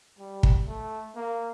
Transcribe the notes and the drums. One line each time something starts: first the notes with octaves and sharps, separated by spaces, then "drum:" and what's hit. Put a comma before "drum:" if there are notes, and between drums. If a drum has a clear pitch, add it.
G3
drum: kick
A3
A#3